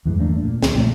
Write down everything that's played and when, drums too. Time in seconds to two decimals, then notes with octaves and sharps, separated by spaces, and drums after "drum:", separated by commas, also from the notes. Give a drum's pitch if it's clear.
0.06 E2 G2 E3 G#3
0.18 A3 A#3 C#4 D4
0.44 A#2
0.63 D2, drum: snare
0.75 A#1 A#2 E3 A3